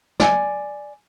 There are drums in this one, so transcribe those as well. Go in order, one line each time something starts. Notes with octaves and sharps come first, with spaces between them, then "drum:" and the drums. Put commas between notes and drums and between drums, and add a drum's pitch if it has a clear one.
D5 G#5, drum: snare